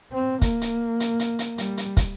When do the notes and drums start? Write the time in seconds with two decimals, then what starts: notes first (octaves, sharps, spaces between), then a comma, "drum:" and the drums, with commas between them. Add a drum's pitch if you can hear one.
0.12 C4
0.42 A#3, drum: kick, hi-hat
0.61 drum: hi-hat
1.00 drum: hi-hat
1.19 drum: hi-hat
1.39 drum: hi-hat
1.58 G3, drum: hi-hat
1.77 drum: hi-hat
1.97 drum: kick, hi-hat